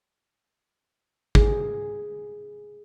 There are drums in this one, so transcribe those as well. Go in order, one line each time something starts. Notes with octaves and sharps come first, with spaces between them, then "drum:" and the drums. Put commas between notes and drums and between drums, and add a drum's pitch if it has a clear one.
G#4, drum: kick